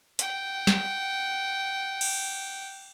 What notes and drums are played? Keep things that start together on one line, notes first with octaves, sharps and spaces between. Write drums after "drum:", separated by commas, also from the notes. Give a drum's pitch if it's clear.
F#5 G5, drum: hi-hat
drum: snare
drum: cymbal